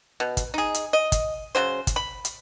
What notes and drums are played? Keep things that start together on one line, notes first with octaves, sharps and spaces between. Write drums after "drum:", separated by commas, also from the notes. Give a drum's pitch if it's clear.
B2
drum: kick, hi-hat
D#4 G#4
drum: hi-hat
D#5
drum: kick, hi-hat
C#3 F#3 C5
drum: kick, hi-hat
B5
drum: hi-hat